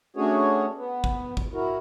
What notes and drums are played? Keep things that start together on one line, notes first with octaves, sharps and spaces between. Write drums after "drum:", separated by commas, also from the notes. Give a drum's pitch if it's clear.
A3 C#4 D4 F#4 G#4 C#5
B3
drum: kick
drum: kick
E4 F#4 A#4